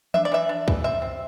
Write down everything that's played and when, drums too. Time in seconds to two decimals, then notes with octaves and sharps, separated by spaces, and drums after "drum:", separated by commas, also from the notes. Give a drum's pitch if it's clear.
0.14 D4 E5, drum: tom E3
0.25 D5
0.32 E3 E5
0.49 D4
0.68 E3, drum: kick
0.84 C4 E5
1.02 C4